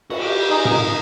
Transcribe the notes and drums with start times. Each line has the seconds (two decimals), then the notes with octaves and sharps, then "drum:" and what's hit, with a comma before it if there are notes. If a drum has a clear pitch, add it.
0.10 F#4, drum: cymbal
0.20 G4
0.50 D#4 G#4
0.65 D#4 A#4, drum: tom G#2